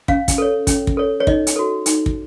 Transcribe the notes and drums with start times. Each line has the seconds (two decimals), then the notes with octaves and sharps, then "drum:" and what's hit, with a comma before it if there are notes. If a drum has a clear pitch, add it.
0.08 C#4 F5, drum: kick
0.28 drum: kick, hi-hat
0.38 A4 C#5
0.67 C#4, drum: kick, hi-hat
0.87 drum: kick
0.97 A4 C#5
1.20 C#5
1.27 D#4 D#5, drum: kick
1.47 drum: hi-hat
1.56 F#4 A4
1.86 D#4, drum: hi-hat
2.06 drum: kick